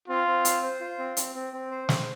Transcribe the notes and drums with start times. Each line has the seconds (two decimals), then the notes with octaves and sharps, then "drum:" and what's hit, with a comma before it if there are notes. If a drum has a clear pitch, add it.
0.08 C4 F4
0.27 C4
0.45 C5, drum: hi-hat
0.63 C5
0.81 F4
0.99 C4
1.17 C4, drum: hi-hat
1.35 C4
1.53 C4
1.71 C5
1.89 C4, drum: snare